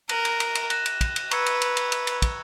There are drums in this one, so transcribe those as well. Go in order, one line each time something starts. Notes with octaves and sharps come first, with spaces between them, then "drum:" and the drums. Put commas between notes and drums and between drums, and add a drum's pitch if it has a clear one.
A#4 F#6 A#6 D#7 F#7, drum: cymbal
drum: cymbal
drum: cymbal
drum: cymbal
F#6 A#6 E7, drum: cymbal
drum: cymbal
drum: kick, cymbal
drum: cymbal
B4 A#5 C#6 E6 G#6 C#7, drum: cymbal
drum: cymbal
drum: cymbal
drum: cymbal
drum: cymbal
drum: cymbal
drum: kick, cymbal